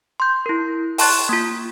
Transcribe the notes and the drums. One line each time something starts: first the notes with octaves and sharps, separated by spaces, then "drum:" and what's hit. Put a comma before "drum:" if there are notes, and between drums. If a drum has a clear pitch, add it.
C6 G6
E4 A#4
G5 A5 C6 C#6 F#6 A6, drum: open hi-hat
A#3 F4